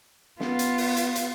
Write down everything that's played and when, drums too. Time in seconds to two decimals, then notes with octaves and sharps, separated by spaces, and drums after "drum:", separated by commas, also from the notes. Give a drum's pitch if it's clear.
0.40 B3 F4, drum: snare
0.59 drum: hi-hat
0.78 drum: open hi-hat
0.97 drum: hi-hat
1.16 drum: hi-hat